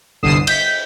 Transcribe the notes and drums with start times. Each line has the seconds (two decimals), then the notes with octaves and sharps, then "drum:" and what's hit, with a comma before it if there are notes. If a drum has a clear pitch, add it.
0.23 G1 C2 D3 D#6 C7 E7
0.47 G6 B6, drum: cymbal